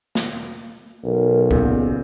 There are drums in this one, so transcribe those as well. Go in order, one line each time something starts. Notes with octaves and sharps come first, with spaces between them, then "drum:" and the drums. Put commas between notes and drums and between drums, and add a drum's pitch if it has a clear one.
drum: snare
B1 A#4
A#2 C#3 B3, drum: kick